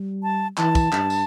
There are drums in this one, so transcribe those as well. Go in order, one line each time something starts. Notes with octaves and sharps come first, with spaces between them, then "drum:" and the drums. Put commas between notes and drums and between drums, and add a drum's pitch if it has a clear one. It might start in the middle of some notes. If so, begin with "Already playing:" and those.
Already playing: G3
A5
E3 A5, drum: clap
drum: kick, tambourine
G2, drum: clap
drum: tambourine